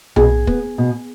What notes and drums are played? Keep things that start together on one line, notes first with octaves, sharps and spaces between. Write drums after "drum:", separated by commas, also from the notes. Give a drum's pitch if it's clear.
B2 G#4, drum: tom B1
B3, drum: kick
B2